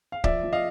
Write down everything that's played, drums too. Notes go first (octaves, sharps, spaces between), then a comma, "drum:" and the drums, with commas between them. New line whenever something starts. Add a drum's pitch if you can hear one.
F5
F3 D5 E5, drum: kick C#1
F3
D#5 F5